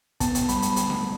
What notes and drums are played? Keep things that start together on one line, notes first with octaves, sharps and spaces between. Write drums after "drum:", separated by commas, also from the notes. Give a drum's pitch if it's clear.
B3 A5, drum: kick, hi-hat
drum: hi-hat
G3 B5, drum: hi-hat
drum: hi-hat
D2, drum: hi-hat
drum: snare D4